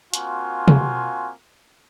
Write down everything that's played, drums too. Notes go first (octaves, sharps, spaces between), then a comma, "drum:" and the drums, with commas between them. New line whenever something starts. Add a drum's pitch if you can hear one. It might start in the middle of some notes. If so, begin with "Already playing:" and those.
A#3 C4 F4 F#4 G#5, drum: hi-hat
drum: tom